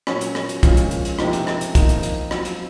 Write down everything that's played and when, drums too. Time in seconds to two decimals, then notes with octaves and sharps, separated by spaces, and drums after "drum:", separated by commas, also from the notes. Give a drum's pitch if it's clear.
0.07 A#2 F#3 C#4, drum: rim click
0.21 drum: hi-hat
0.35 drum: rim click
0.49 drum: hi-hat
0.63 A#2 F3 G#3 C#4 F4, drum: kick, hi-hat
0.77 drum: hi-hat
0.91 drum: hi-hat
1.05 drum: hi-hat
1.19 C3 F3 A#3 D#4, drum: rim click
1.33 drum: hi-hat
1.47 drum: rim click
1.61 drum: hi-hat
1.75 F3 A#3 D#4, drum: kick, hi-hat
1.89 drum: hi-hat
2.03 drum: hi-hat
2.31 F#3 C4 F4, drum: rim click
2.45 drum: hi-hat